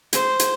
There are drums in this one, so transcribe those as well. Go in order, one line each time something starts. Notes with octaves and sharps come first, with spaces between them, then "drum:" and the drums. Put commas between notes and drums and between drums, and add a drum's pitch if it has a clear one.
C5, drum: hi-hat
drum: hi-hat